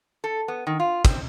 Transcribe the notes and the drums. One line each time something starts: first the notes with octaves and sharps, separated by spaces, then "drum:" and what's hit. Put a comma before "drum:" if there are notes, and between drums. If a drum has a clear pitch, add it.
A4
B3
D#3
F4
C4, drum: kick, cymbal